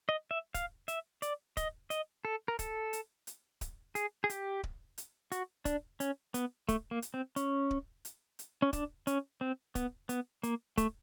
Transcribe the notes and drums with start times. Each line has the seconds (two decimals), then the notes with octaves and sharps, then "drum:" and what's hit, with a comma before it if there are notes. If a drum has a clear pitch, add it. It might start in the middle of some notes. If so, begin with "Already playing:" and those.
0.09 D#5
0.31 E5
0.54 F5, drum: kick D1, hi-hat
0.88 E5, drum: hi-hat
1.22 D5, drum: hi-hat
1.57 D#5, drum: kick D1, hi-hat
1.90 D#5, drum: hi-hat
2.25 A4
2.48 A#4
2.59 A4, drum: kick D1, hi-hat
2.93 drum: hi-hat
3.27 drum: hi-hat
3.61 drum: kick D1, hi-hat
3.95 G#4, drum: hi-hat
4.24 G#4
4.30 G4, drum: hi-hat
4.63 drum: kick D1
4.98 drum: hi-hat
5.32 F#4, drum: hi-hat
5.65 D4, drum: kick D1, hi-hat
6.00 C#4, drum: hi-hat
6.34 B3, drum: hi-hat
6.69 A3, drum: kick D1, hi-hat
6.91 A#3
7.02 drum: hi-hat
7.14 C4
7.36 C#4, drum: hi-hat
7.71 drum: kick D1
8.05 drum: hi-hat
8.39 drum: hi-hat
8.62 C#4
8.73 D4, drum: kick D1, hi-hat
9.07 C#4, drum: hi-hat
9.41 C4
9.75 B3, drum: kick D1, hi-hat
10.09 B3, drum: hi-hat
10.43 A#3, drum: hi-hat
10.78 A3, drum: kick D1, hi-hat